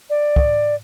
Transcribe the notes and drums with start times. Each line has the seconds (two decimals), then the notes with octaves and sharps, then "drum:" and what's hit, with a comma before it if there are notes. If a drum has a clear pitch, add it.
0.10 D5
0.36 drum: kick